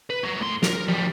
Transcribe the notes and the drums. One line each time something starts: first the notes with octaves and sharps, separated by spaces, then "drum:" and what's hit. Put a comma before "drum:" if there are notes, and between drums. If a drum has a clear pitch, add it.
B4
C#4 A#4
A2 C6
A#4, drum: snare
F3 G3